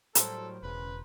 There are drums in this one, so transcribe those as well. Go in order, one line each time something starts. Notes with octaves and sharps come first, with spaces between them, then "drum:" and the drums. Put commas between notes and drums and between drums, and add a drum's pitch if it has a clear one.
A2 F#3 G3 A4 A#4 C5, drum: hi-hat
E1 C#3 B4